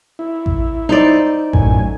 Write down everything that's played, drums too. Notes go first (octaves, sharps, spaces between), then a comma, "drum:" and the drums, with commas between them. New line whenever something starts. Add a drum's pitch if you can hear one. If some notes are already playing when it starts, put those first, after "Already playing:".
E4
drum: kick A1
D#4 C5 D5
F#2 A2 G#5, drum: kick A1